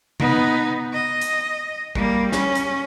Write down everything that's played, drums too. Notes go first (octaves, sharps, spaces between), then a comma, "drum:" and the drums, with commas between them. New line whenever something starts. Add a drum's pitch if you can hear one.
B3 D#4, drum: tom C3
D#5
drum: hi-hat
G3 A#3, drum: kick
C#4, drum: snare
drum: hi-hat